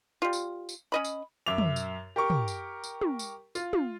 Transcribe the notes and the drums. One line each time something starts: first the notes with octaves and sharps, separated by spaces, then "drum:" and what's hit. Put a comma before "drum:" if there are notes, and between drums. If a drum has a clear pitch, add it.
G3 F4
drum: tambourine
drum: tambourine
C#4 D#5 B5
drum: tambourine
F#2 E5 D6 F7
drum: tom
drum: tambourine
G4 A#4 C#6
drum: tom
drum: tambourine
drum: tambourine
drum: tom
drum: tambourine
F4, drum: tambourine
drum: tom